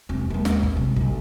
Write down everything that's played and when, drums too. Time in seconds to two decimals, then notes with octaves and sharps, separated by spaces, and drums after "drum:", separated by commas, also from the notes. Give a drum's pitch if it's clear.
0.09 E1 C4
0.30 D#2 G#3
0.45 drum: snare
0.63 drum: kick
0.76 C3 G3
0.96 B1 D3, drum: kick